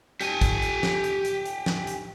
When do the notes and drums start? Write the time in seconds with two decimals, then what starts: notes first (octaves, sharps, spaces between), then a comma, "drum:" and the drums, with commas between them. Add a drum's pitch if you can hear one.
0.21 G4 G#5, drum: hi-hat
0.41 drum: kick G#1, hi-hat
0.62 drum: hi-hat
0.83 drum: snare
1.04 drum: hi-hat
1.25 drum: hi-hat
1.46 drum: hi-hat
1.66 drum: snare
1.87 drum: hi-hat